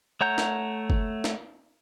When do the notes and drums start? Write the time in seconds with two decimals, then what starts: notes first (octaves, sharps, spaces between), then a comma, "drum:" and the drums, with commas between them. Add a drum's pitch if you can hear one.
0.21 A3 C#5 F#5 A#5 G6
0.38 drum: snare
0.90 drum: kick
1.24 drum: snare